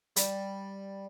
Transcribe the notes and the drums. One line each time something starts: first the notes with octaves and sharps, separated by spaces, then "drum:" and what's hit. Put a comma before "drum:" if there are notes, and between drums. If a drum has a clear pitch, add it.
G3, drum: hi-hat